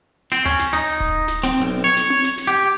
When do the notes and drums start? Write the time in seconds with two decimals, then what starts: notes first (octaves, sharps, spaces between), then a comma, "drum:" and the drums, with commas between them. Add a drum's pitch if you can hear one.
0.32 C4, drum: snare
0.46 C#4, drum: tom D2
0.59 drum: snare
0.73 D#4, drum: snare
1.00 drum: kick D1
1.28 drum: snare
1.44 C4, drum: snare
1.60 B1
1.84 C#5
1.96 drum: snare
2.10 drum: tom C4
2.24 drum: snare
2.38 drum: snare
2.47 G4